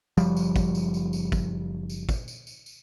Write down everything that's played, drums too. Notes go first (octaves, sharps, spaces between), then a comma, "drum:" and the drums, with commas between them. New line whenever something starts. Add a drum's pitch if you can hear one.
F#1 F3 G3, drum: tambourine
drum: tambourine
drum: kick, tambourine
drum: tambourine
drum: tambourine
drum: tambourine
drum: kick, tambourine
drum: tambourine
drum: kick, tambourine
drum: tambourine
drum: tambourine
drum: tambourine